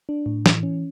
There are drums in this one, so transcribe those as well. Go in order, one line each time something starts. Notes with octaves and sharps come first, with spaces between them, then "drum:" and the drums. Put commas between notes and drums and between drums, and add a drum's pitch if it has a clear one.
D4
A2
E3, drum: snare
C#4